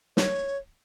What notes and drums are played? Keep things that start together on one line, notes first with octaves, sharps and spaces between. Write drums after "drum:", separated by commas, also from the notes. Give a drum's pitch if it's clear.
C#5, drum: snare